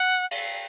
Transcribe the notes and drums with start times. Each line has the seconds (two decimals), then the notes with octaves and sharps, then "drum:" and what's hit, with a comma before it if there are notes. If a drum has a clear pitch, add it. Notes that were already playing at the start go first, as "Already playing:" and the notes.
Already playing: F#5
0.31 drum: cymbal